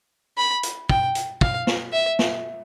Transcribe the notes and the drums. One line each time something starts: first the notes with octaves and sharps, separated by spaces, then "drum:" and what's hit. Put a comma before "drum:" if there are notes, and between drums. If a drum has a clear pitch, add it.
B5
drum: hi-hat
G5, drum: kick
drum: hi-hat
F5, drum: kick
drum: snare
E5
drum: snare